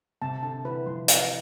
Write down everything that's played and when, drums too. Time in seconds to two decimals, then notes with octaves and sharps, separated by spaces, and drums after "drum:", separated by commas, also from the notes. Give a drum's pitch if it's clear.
0.22 C3 A5
0.43 D3 A5
0.65 E3 B4
0.86 F3 C6
1.08 B4, drum: hi-hat